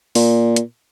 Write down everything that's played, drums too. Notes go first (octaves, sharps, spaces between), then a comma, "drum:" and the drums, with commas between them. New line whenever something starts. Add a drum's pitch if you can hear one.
A#2, drum: open hi-hat
drum: hi-hat